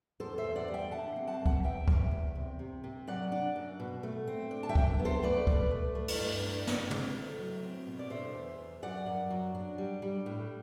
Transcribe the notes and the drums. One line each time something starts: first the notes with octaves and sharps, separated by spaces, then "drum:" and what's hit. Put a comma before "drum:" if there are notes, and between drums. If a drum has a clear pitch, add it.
E2 A4 C5
C5 E5
E2
D5 F#5
G3
E5 G5
D3 F#5 A5
C4
F#5 A5
F#2
F#5 A5, drum: kick C#2
E2 E5 G5
E2, drum: kick C#2
E2
C3
C3
C3
F#3 D5 F#5
D4
F#2
B2
A3
C4
D4
A5
E5 G5
F#2, drum: kick C#2
B3
A4 C5
A3 B4 D5
B2, drum: kick C#2
A3
A3
drum: cymbal
G2
D4
G2, drum: snare
C4, drum: tom
A3
F#3
C4
B2
D5
D3 C5 E5
E2
E2
F#2 D5 F#5
F#2
F#3
D4
G3
G3
A2